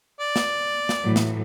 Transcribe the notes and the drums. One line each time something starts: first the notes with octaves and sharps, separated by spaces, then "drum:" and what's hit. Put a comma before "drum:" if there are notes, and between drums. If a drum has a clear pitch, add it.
D5
drum: snare
drum: snare
A2 E3 F#3
drum: snare